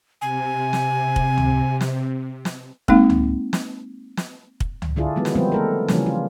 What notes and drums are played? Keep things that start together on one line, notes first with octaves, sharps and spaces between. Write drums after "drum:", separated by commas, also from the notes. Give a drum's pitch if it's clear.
C3 G#5
drum: snare
drum: kick
drum: tom C#2
drum: snare
drum: snare
G#3 A#3 C4 D#4 F5, drum: kick
drum: tom C#2
drum: snare
drum: snare
drum: kick
drum: tom C#2
D3 D4 E4 F4 G#4
D#3 F#3 G#3 B3
drum: snare
F3 G3 G#3 B3 C4
A3 A4 A#4
C#3 E3 F3 G3 A#3 C#4, drum: snare
F4